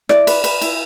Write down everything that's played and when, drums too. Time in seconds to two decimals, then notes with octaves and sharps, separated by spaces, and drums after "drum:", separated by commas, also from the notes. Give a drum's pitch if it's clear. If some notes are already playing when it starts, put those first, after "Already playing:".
0.09 E4 D5, drum: rim click
0.27 B4, drum: cymbal
0.44 B4, drum: cymbal
0.62 E4, drum: cymbal